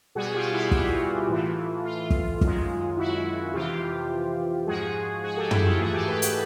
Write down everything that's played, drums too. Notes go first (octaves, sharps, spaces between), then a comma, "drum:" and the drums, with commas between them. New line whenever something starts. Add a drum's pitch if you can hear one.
B2 G3 F#4 G#4
F4 G4
E4 F#4
F4, drum: kick
A2 E3 A3
F4
drum: kick
F#2 D#3 G#3, drum: kick
E4 F#4
F2 C3 E3 F4 G4
G#2 F3 G#3 F#4 G#4
F#4 G#4
G4 A4
E4 F#4, drum: tom
F4 G4
G#2 E3 A3 F#4 G#4
G4 A4
A4 B4
A4 B4, drum: hi-hat